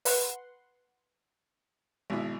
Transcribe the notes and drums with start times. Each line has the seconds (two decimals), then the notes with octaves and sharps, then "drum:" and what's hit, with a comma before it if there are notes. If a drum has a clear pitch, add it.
0.05 B4 F#5 C6, drum: open hi-hat
2.10 G#1 B2 E4